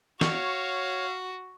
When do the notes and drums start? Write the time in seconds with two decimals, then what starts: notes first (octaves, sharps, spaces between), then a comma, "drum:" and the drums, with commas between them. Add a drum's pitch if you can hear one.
0.21 F#4 C#5 F5, drum: snare